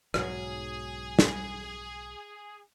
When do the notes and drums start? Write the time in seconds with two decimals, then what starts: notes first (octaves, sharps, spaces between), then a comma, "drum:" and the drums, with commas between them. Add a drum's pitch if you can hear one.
0.14 B1 G#2 F#3 G#4, drum: rim click
1.19 drum: snare